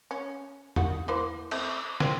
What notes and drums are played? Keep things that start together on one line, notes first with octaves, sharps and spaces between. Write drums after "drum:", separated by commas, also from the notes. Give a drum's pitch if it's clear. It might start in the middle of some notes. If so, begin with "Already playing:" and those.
C#4
D#3 F#4, drum: tom E2
E3 A#3 C5
A3 C4 E5, drum: cymbal
C4, drum: snare